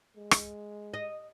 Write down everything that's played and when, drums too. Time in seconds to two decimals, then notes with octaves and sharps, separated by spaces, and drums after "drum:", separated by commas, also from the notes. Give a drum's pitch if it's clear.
0.17 G#3
0.31 drum: rim click
0.94 D#5